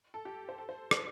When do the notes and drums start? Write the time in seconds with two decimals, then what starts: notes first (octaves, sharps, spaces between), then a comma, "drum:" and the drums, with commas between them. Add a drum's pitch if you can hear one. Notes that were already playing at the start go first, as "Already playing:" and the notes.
0.14 A4
0.25 G4
0.49 C5
0.58 A4
0.69 C5
0.91 drum: rim click